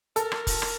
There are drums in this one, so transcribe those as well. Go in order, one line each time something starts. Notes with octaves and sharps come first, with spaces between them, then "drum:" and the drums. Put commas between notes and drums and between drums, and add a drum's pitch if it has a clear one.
A4 A#4, drum: hi-hat
drum: rim click
drum: kick, open hi-hat
drum: rim click